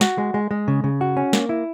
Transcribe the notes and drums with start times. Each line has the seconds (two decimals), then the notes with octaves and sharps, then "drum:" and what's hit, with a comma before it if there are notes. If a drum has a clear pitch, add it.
0.01 F#4, drum: snare
0.18 G#3
0.34 G#3
0.51 G#3
0.68 C#3
0.84 C#3
1.01 F#4
1.17 C#4
1.33 A#3, drum: snare
1.49 E4